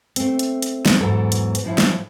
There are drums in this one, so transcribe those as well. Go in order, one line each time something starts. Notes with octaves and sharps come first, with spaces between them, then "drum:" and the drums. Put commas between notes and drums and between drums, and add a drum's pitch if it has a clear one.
A3 C4, drum: hi-hat
drum: hi-hat
drum: hi-hat
drum: snare
E2 G#2 E3 F#3 A4
drum: hi-hat
drum: hi-hat
A2 F3 E4
drum: snare